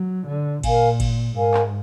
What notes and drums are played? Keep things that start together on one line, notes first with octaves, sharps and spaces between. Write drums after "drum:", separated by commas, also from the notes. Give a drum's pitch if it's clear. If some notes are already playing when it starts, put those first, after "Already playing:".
Already playing: F#3
D3
A#2 A#4 F5 G#5, drum: kick G#1, cymbal
drum: kick G#1, cymbal
G#2 A#4 F5 G#5
drum: clap